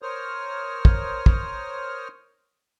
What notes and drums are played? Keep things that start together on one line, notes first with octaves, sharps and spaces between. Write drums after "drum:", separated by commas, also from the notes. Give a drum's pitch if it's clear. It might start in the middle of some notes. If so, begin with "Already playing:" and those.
A#4 C5 C#5 D#6 F6
drum: kick
drum: kick